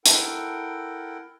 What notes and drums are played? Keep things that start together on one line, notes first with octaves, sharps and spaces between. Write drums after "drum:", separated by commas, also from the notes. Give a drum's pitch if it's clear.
E4 A4 A#4 F#5 G5, drum: hi-hat